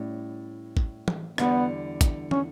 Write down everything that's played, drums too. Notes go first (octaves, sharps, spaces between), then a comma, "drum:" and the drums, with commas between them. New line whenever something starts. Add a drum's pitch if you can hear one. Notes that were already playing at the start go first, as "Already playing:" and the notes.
Already playing: A2 G3 C#4
drum: kick G#1
drum: tom
E2 D3 G3 B3, drum: rim click
drum: kick G#1, hi-hat
C#4, drum: tom